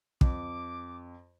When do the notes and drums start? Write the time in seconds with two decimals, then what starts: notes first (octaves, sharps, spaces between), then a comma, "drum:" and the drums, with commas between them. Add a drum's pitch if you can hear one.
0.21 F2 D6, drum: kick